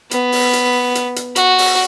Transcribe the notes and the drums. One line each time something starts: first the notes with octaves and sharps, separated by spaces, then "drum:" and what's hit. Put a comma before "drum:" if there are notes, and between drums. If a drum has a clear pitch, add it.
B3, drum: hi-hat
drum: open hi-hat
drum: hi-hat
drum: hi-hat
drum: hi-hat
F#4, drum: hi-hat
drum: open hi-hat